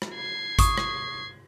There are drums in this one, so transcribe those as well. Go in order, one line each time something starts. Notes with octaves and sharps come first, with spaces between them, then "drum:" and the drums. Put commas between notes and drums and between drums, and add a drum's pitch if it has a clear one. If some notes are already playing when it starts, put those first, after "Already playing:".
drum: rim click
G#6 C7
C#6 D#6, drum: kick, hi-hat
drum: rim click